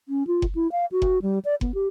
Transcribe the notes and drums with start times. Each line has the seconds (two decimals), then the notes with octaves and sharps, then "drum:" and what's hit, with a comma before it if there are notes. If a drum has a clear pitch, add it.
0.09 C#4
0.27 F4
0.42 drum: kick F#1
0.55 E4
0.72 F5
0.92 F#4
1.02 drum: kick F#1
1.22 G3
1.45 D5
1.61 B3, drum: kick F#1
1.74 G4